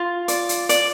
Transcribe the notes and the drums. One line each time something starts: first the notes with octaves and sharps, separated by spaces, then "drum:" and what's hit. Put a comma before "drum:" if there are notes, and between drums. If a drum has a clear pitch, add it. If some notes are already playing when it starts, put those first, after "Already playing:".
Already playing: F4
D5, drum: hi-hat
drum: hi-hat
D5, drum: hi-hat